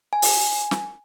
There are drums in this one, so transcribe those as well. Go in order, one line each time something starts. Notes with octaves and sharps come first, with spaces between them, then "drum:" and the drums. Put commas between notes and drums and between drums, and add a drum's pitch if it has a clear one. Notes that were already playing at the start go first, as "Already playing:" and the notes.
G#5
drum: open hi-hat
drum: snare